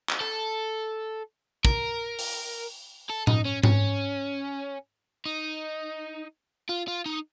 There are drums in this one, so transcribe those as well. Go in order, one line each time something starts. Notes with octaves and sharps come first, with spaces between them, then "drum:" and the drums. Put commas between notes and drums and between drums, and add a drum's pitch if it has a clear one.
drum: clap
A4
A#4, drum: kick
drum: open hi-hat
A4
D#4, drum: tom A2
C#4
C#4, drum: tom G#2
D#4
F4
F4
D#4